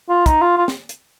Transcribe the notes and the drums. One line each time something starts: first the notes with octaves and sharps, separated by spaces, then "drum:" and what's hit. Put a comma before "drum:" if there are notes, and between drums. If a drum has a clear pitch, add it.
F4
D#4, drum: kick, hi-hat
F4
F4
drum: snare
drum: hi-hat